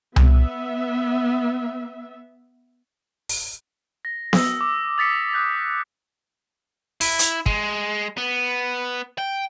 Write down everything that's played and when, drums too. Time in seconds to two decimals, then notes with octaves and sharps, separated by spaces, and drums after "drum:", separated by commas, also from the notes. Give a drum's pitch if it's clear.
0.16 B3 E5, drum: tom C2
3.29 drum: open hi-hat
4.05 A#6
4.33 D#6 E6, drum: snare B3
4.61 D6
4.98 D#6 A6 B6 C#7
5.34 D#6 E6 F#6 G6 A6
7.01 E4, drum: open hi-hat
7.19 drum: hi-hat
7.46 G#3, drum: kick
8.18 B3
9.18 G5